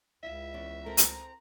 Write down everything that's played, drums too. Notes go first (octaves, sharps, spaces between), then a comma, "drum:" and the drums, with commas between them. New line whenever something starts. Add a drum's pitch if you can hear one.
C#2 E4 F4 E5
E2 C#4 D5
C4 A4 A#4 A#5
drum: hi-hat